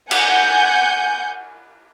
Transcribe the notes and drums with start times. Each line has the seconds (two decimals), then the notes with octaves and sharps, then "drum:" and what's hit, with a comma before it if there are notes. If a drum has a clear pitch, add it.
0.11 F#5 G#5 G6, drum: cymbal